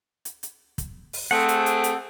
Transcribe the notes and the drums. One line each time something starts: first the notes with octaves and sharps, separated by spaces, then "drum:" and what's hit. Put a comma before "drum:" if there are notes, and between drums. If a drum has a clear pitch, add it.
drum: hi-hat
drum: hi-hat
drum: kick, hi-hat
drum: open hi-hat
A3 C4 G#4 F#5
drum: hi-hat
drum: hi-hat
drum: hi-hat